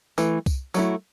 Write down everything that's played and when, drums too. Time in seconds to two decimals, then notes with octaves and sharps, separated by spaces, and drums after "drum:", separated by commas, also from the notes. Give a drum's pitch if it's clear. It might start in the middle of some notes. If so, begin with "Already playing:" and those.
0.18 E3 A3, drum: tambourine
0.46 drum: kick C2, tambourine
0.74 F#3 A3 E4, drum: tambourine